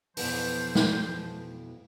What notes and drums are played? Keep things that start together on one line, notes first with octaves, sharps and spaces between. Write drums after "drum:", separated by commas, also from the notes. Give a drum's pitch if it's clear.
F2 B2 E3 F3 C5, drum: open hi-hat
drum: snare